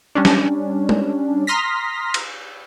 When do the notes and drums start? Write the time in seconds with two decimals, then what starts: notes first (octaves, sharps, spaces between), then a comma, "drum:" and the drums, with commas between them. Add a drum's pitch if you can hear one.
0.15 G3 C#4 D4
0.25 drum: snare
0.89 drum: tom G#3
1.47 A#5 C6 D#6 F6 A#6 B6
2.14 drum: cymbal